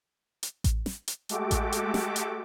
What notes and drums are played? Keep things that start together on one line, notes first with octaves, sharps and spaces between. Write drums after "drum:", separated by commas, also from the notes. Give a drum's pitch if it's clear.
drum: hi-hat
drum: kick A1, hi-hat
drum: snare
drum: hi-hat
G#3 A3 F#4 G4 A4 D6, drum: hi-hat
drum: kick A1, hi-hat
drum: hi-hat
drum: snare
drum: hi-hat